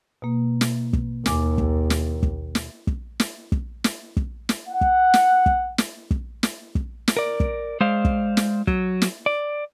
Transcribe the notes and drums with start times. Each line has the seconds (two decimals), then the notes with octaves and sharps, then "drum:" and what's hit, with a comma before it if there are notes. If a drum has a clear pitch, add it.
0.22 B2 A#3
0.61 drum: snare
0.93 drum: kick
1.26 D#2 G#5 D6, drum: snare
1.58 drum: kick
1.90 drum: snare
2.23 drum: kick
2.55 drum: snare
2.87 drum: kick
3.20 drum: snare
3.52 drum: kick
3.84 drum: snare
4.17 drum: kick
4.49 drum: snare
4.69 F#5
4.81 drum: kick
5.14 drum: snare
5.46 drum: kick
5.78 drum: snare
6.11 drum: kick
6.43 drum: snare
6.75 drum: kick
7.08 drum: snare
7.17 A#4 D5
7.40 drum: kick
7.81 G#3 C5 D5 F5
8.05 drum: kick
8.37 drum: snare
8.67 F#3, drum: kick
9.02 drum: snare
9.26 D5